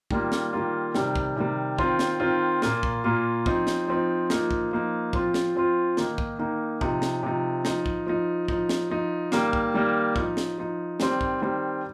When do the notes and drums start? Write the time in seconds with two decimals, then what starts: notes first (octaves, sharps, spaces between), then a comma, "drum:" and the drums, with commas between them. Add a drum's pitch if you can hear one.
0.11 D#3 G3 A#3 F4, drum: kick
0.32 drum: snare
0.53 D#3 G3 A#3 F4
0.95 C3 D#3 G3, drum: snare
1.15 drum: kick
1.36 C3 D#3 G3
1.78 D#3 C4 F4, drum: kick
1.99 drum: snare
2.20 D#3 C4 F4
2.62 A#2 A#3 F4, drum: snare
2.83 drum: kick
3.04 A#2 A#3 F4
3.46 F3 C4 D#4, drum: kick
3.67 drum: snare
3.88 F3 C4 D#4
4.30 F3 A#3 D#4, drum: snare
4.51 drum: kick
4.71 F3 A#3 D#4
5.13 F3 C4 F4, drum: kick
5.34 drum: snare
5.55 F3 C4 F4
5.97 D#3 A#3 D#4, drum: snare
6.18 drum: kick
6.39 D#3 A#3 D#4
6.81 C3 F3 D#4, drum: kick
7.02 drum: snare
7.23 C3 F3 D#4
7.65 F3 D#4, drum: snare
7.86 drum: kick
8.07 F3 D#4
8.48 F3 D#4, drum: kick
8.69 drum: snare
8.90 F3 D#4
9.32 D#3 G3 A#3, drum: snare
9.53 drum: kick
9.74 D#3 G3 A#3
10.16 F3 D#4, drum: kick
10.37 drum: snare
10.58 F3 D#4
11.00 D#3 G3 C4, drum: snare
11.21 drum: kick
11.42 D#3 G3 C4